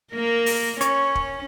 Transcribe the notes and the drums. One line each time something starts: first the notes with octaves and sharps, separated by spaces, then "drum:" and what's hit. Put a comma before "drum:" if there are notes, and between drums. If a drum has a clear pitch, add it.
A#3 A#4
drum: open hi-hat
C#4 C#5, drum: hi-hat
drum: kick